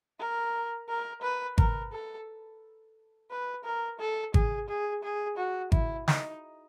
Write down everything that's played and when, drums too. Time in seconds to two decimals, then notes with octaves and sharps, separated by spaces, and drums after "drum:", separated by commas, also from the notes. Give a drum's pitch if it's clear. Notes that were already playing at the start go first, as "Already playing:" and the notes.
0.19 A#4
0.89 A#4
1.22 B4
1.58 A#4, drum: kick G#1
1.92 A4
3.30 B4
3.64 A#4
3.99 A4
4.34 G#4, drum: kick G#1
4.68 G#4
5.03 G#4
5.37 F#4
5.72 E4, drum: kick G#1
6.08 D#4, drum: snare